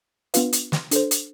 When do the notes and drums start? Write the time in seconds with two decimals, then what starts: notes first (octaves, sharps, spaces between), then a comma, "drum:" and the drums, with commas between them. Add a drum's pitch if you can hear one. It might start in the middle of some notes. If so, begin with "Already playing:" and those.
0.34 B3 D4 F4 B4 F5, drum: hi-hat
0.53 drum: hi-hat
0.72 drum: snare
0.91 D4 A4 C5, drum: hi-hat
1.11 drum: hi-hat